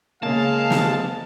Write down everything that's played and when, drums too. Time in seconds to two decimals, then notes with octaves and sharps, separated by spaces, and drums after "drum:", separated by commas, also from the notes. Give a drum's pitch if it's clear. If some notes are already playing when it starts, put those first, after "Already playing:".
0.23 C#3 G#3 A#3 F5 A5
0.70 drum: snare